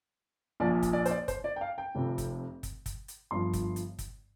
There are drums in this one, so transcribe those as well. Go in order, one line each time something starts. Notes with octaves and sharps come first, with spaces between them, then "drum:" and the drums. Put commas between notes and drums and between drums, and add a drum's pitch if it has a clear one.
A#1 A#2 F3 D5
drum: kick, hi-hat
D5
C5, drum: hi-hat
D5
C5, drum: kick, hi-hat
D5
G5
F5
G5
F1 F2 C3
drum: kick, hi-hat
drum: kick, hi-hat
drum: kick, hi-hat
drum: hi-hat
G1 G2 F3 C6
drum: kick, hi-hat
drum: hi-hat
drum: kick, hi-hat